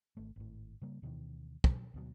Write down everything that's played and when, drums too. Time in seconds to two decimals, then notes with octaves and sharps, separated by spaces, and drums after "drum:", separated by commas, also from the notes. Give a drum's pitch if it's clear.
0.17 G#1 A3
0.36 G#1 A2
0.82 C#3 G3 A#3
1.02 D2 B2 D#3 E3
1.64 F#3, drum: kick
1.94 D2 B2 F#3